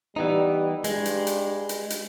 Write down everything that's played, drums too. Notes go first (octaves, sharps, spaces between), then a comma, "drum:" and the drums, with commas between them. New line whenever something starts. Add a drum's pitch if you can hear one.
E3 G3 B3 D#4
G2 G#3, drum: hi-hat
drum: hi-hat
drum: hi-hat
drum: hi-hat
drum: hi-hat